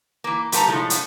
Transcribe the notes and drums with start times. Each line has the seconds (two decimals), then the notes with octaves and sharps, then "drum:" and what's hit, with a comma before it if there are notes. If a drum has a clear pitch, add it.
0.24 E3 A#3
0.52 A#2 G3 A4 C5 A5 A#5, drum: hi-hat
0.67 A2 C3 F3 G#3 A3 D#4
0.90 drum: hi-hat